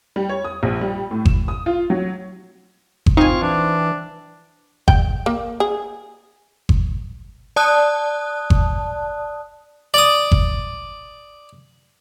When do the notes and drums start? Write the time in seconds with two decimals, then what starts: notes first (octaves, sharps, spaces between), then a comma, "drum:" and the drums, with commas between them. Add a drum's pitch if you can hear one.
0.16 G3
0.29 C#5
0.44 D#6
0.63 A#1
0.81 G3
1.11 A2
1.25 E7, drum: kick G1
1.48 D#6
1.66 F4
1.90 F#3
3.06 drum: kick G1
3.17 C4 D#4 F4 F5 G#5 C#6
3.42 E3 D4
4.88 G5, drum: kick G1
5.26 A#3
5.60 G#4
6.69 drum: kick G1
7.56 D5 A5 D#6 F#6
8.50 drum: kick G1
9.94 D5 D#6
10.32 drum: kick G1